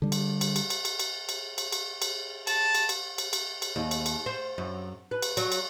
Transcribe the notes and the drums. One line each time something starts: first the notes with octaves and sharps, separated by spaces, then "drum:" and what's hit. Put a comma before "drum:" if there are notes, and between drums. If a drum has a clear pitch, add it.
D3 G3
drum: cymbal
drum: cymbal
drum: cymbal
drum: cymbal
drum: cymbal
drum: cymbal
drum: cymbal
drum: cymbal
drum: cymbal
drum: cymbal
A5, drum: cymbal
drum: cymbal
drum: cymbal
drum: cymbal
drum: cymbal
drum: cymbal
D#2
drum: cymbal
drum: cymbal
C5
F#2
B4
drum: cymbal
F#3, drum: cymbal
drum: cymbal